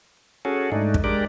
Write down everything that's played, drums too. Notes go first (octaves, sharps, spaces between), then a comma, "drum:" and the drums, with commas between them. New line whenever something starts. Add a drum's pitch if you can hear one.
C#4 F#4 G#4 A4
G#2 A3 D4 D#4
drum: kick
G#3 D4 G4 A#4 D5